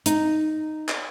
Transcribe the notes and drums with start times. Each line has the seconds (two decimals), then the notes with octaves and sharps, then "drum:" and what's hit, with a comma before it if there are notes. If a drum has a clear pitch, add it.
0.06 D#4, drum: hi-hat
0.88 drum: clap